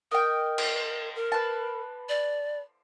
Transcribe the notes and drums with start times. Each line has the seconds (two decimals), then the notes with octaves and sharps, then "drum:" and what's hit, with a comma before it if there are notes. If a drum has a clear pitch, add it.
0.12 A#4 D#5 G5
0.58 drum: cymbal
1.15 A#4
1.32 B4 A5
2.09 D5